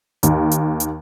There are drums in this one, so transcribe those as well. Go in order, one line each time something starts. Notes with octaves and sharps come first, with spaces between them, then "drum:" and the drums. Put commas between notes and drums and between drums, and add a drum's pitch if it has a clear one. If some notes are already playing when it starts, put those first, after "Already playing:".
D#2, drum: hi-hat
drum: hi-hat
drum: hi-hat